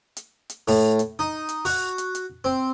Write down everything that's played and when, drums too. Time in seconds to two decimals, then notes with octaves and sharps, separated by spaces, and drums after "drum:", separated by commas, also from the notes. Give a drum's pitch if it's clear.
0.17 drum: hi-hat
0.50 drum: hi-hat
0.68 A2, drum: open hi-hat
0.99 drum: hi-hat
1.19 D#4
1.49 drum: hi-hat
1.65 F#4, drum: open hi-hat
1.98 drum: hi-hat
2.15 drum: hi-hat
2.44 C4